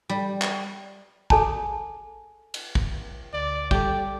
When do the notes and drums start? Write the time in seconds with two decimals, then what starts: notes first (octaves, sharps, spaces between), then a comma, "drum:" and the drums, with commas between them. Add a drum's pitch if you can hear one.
0.09 G3
0.42 drum: clap
1.30 G#4 A4 G#5 A5, drum: kick
2.54 drum: cymbal
2.75 drum: kick
3.34 D2 D5
3.71 G3 G4 A4 D5, drum: kick